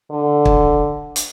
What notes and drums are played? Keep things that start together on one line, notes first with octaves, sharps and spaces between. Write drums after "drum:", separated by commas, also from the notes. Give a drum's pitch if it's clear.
D3
drum: kick
drum: hi-hat